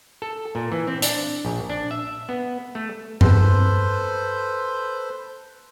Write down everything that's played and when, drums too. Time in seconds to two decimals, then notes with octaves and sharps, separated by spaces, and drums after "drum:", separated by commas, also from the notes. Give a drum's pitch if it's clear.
0.22 A4
0.55 A#2
0.72 E3
0.87 C4
1.02 D4, drum: hi-hat
1.45 A#1
1.70 D4
1.91 E5
2.29 B3
2.75 A3
3.21 A4 B4 C5, drum: tom G2